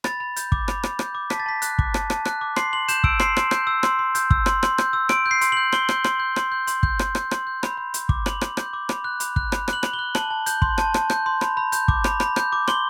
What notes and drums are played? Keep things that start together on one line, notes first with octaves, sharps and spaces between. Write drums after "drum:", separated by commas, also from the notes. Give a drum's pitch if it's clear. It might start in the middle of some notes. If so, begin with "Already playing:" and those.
B5 A6, drum: rim click
B5
G6, drum: hi-hat
D6, drum: kick
B5, drum: rim click
B5, drum: rim click
G6, drum: rim click
D6
A5 B6, drum: rim click
A6
A5 B6
F#6, drum: hi-hat
D6, drum: kick
A5, drum: rim click
A5, drum: rim click
F#6, drum: rim click
D6
C6 C7, drum: rim click
C6 F#7
G6 E7, drum: hi-hat
E6 D7, drum: kick
C6 C7, drum: rim click
C6, drum: rim click
G6, drum: rim click
E6
C6, drum: rim click
C6
G6, drum: hi-hat
E6, drum: kick
C6, drum: rim click
C6, drum: rim click
G6, drum: rim click
E6
C6 D7, drum: rim click
G6
C7
C6, drum: hi-hat
G6 F#7
C6 G7, drum: rim click
G6, drum: rim click
C6, drum: rim click
G6
C6, drum: rim click
G6
C6, drum: hi-hat
G6, drum: kick
C6, drum: rim click
G6, drum: rim click
C6, drum: rim click
G6
B5, drum: rim click
B5
G6, drum: hi-hat
D6, drum: kick
B5 F#7, drum: rim click
B5, drum: rim click
G6, drum: rim click
D6
B5, drum: rim click
F#6
B5, drum: hi-hat
F#6, drum: kick
B5, drum: rim click
F#6, drum: rim click
F#7
B5, drum: rim click
G7
F#6
A5 F#7, drum: rim click
A5
G6, drum: hi-hat
C6, drum: kick
A5, drum: rim click
A5, drum: rim click
G6, drum: rim click
C6
B5, drum: rim click
B5
G6, drum: hi-hat
D6, drum: kick
B5, drum: rim click
B5, drum: rim click
G6, drum: rim click
D6
C6 G7, drum: rim click